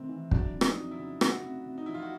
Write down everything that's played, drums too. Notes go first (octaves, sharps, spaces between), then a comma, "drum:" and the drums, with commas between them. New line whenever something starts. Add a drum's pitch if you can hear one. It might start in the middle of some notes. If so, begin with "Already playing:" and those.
Already playing: C3 D#3 A3 C4
E3
F#3 D4, drum: kick
F2
D#4, drum: rim click
F2
E4
C#3
A3 F#4, drum: rim click
C3
C3
D#4
F3 E4
F4
F#4